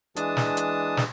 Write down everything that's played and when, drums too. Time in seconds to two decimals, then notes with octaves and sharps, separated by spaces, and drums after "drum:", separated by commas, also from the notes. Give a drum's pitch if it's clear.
0.16 E3 G#3 D4 A5 D#6, drum: hi-hat
0.37 drum: snare
0.57 drum: hi-hat
0.97 drum: snare